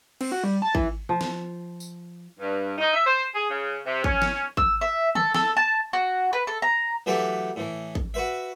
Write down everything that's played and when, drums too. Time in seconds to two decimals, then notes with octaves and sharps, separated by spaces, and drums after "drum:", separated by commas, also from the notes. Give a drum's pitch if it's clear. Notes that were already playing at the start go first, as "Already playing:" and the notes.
0.21 C4, drum: cymbal
0.32 F#4
0.44 G3
0.62 A5
0.75 E3, drum: kick
1.09 F3
1.21 drum: snare
1.80 drum: tambourine
2.39 G2
2.78 D#4
2.94 E5
3.06 C5
3.34 G#4
3.50 C#3
3.85 C3
4.04 C#4, drum: kick
4.22 drum: snare
4.57 E6, drum: kick
4.81 E5
5.15 A4, drum: tom D3
5.34 A4, drum: snare
5.57 A5
5.93 F#4
6.33 B4
6.47 A4
6.62 A#5
7.06 E3 F#3 A3 G4 B4
7.56 A2 E3
7.95 drum: kick
8.14 F#4 B4 E5